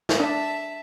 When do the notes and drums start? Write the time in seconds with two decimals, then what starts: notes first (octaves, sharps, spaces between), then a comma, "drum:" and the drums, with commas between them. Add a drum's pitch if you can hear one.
0.09 drum: snare
0.20 D4 E5 A5